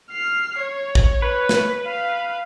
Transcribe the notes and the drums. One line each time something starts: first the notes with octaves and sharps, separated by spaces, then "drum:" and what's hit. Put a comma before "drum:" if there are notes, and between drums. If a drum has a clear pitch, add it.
F6 C7
C#5
drum: kick
B4
drum: snare
F5